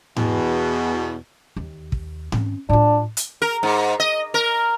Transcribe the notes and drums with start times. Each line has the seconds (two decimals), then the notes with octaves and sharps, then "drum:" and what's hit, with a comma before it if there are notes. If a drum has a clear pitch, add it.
0.16 E2 B2, drum: tom G#2
1.56 D#2
1.92 drum: kick
2.32 C4 C#4, drum: tom G#2
2.69 A2 D4 F4
3.17 drum: hi-hat
3.42 A#4
3.63 G#2
4.00 D#5
4.34 A#4